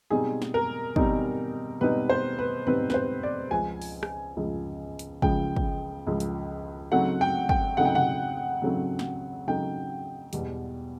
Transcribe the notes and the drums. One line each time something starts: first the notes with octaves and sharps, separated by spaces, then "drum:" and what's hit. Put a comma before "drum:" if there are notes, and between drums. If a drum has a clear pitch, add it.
B2 G3 C4 D#4 G#4
drum: snare
A#4
B2 G3 C4 D#4, drum: kick
B2 G3 C4 D#4 B4
C5
B4
B2 G3 C4 D#4 B4
B4, drum: snare
C5
D5
C#2 C#3 F3 G#5
drum: open hi-hat
drum: rim click
C#2 C#3 F3
drum: hi-hat
C#2 C#3 F3 G5, drum: kick
drum: kick
C#2 C#3 F3
drum: hi-hat
C#3 F#3 A3 C4 D#4 F#5
G5
G5, drum: kick
C#3 F#3 A3 C4 D#4 F#5
G5
F#5, drum: tom B2
C#3 F#3 A3 C4 D#4
drum: snare
C#3 F#3 A3 C4 D#4 G5
E2 B2 G3, drum: hi-hat